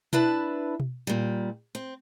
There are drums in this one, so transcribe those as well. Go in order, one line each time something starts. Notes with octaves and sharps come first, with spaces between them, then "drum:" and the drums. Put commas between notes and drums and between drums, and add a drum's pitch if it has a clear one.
D4 E4 B4 A5, drum: tom B2
drum: tom B2
A#2 G3
C4